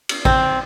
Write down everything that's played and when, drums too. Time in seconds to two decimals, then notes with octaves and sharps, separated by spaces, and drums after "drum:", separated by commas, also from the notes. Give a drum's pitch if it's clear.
0.09 drum: cymbal
0.25 C4, drum: kick A1